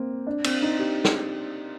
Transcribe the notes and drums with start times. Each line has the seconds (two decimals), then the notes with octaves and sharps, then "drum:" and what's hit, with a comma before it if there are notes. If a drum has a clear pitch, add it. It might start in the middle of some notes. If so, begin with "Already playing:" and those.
Already playing: A#3 C4
0.27 D4
0.44 C4, drum: cymbal
0.62 D#4
0.79 G4
1.04 drum: snare